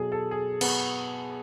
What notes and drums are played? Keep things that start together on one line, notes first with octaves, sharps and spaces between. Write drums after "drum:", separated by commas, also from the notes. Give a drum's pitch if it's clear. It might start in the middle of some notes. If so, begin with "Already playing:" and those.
Already playing: B2 F#3 G#4 A4
A4
G#4
B3, drum: cymbal